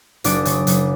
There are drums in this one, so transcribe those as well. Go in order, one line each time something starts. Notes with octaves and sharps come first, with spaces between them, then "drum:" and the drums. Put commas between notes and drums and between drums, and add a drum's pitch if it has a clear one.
F#1 D4 D5, drum: hi-hat
C#3, drum: hi-hat
F#1, drum: hi-hat